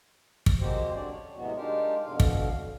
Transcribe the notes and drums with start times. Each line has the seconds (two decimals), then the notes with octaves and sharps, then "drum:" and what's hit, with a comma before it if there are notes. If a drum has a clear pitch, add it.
0.46 drum: kick
0.60 G#3 A#3 C4 F#4 G4 C5
0.93 G2 D3 C#4 D4 D5
1.12 C#5
1.35 A2 C3 F#3 G#3 B3 F#4
1.55 G#3 D4 D#4 F4 G4 A#4
2.04 F2 B2 D3 F5
2.20 drum: kick